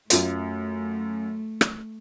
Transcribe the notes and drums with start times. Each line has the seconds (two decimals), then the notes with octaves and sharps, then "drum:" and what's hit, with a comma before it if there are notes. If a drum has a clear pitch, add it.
0.10 F#2 A3 F4, drum: hi-hat
1.61 drum: rim click